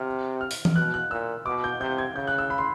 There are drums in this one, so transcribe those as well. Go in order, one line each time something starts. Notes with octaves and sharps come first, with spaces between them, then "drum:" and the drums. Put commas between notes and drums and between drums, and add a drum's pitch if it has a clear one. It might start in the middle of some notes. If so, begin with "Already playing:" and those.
Already playing: C3 F6
F6
drum: open hi-hat
drum: tom E3
B2 F#6
F#6
A#2 E6
B2 D6
G6
C3 G6
G#6
C#3 G6
F#6
E6
B5
C6